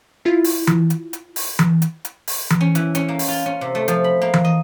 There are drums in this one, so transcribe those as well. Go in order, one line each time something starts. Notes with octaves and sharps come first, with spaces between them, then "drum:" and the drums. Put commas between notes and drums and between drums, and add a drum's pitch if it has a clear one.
E4 F4
drum: open hi-hat
drum: tom E3
drum: hi-hat
drum: hi-hat
drum: open hi-hat
drum: tom E3
drum: hi-hat
drum: hi-hat
drum: open hi-hat
drum: tom E3
C#4
E3, drum: hi-hat
C#4, drum: hi-hat
A#3
drum: open hi-hat
F4
C#4
C3
A3
F3, drum: hi-hat
B5
A#3
drum: tom E3
D#5